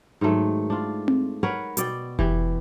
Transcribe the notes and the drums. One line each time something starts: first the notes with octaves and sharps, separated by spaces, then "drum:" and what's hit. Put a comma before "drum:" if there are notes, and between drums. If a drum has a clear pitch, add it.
G#2 D#3 F#3 A3
D4 F4
drum: tom C4
A#4 B4 C#5 F#5
B2 D5 G5, drum: hi-hat
E3 G4, drum: kick F1